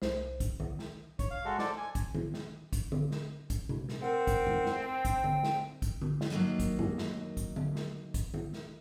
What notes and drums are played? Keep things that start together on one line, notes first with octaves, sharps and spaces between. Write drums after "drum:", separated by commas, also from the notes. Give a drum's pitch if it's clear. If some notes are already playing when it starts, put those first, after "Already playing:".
C2 C5, drum: snare
drum: kick, hi-hat
drum: tom D#3
drum: snare
C#5, drum: kick, hi-hat
F5
G#3 F#4 A4
A4 C5 D5, drum: snare
G#5
drum: kick, hi-hat
drum: tom D#3
drum: snare
drum: kick, hi-hat
drum: tom D3
drum: snare
drum: kick, hi-hat
drum: tom C3
drum: snare
C4 A#4 F#5
drum: kick, hi-hat
drum: tom F2
drum: snare
G5
drum: kick, hi-hat
drum: tom D3
drum: snare
drum: kick, hi-hat
drum: tom D3
drum: snare
D#3 F#3 A3 A#3 D#4
drum: kick, hi-hat
drum: tom F2
drum: snare
drum: kick, hi-hat
drum: tom D3
drum: snare
drum: kick, hi-hat
drum: tom D#3
drum: snare